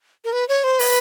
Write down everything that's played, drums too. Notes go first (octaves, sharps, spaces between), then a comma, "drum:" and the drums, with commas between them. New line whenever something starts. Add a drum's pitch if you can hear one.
A#4
B4
C#5
C5
B4, drum: open hi-hat